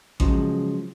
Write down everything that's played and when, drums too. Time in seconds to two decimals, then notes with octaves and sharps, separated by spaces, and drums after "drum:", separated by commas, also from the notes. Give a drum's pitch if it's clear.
0.20 C#3 F3 F#3 G#3, drum: kick A1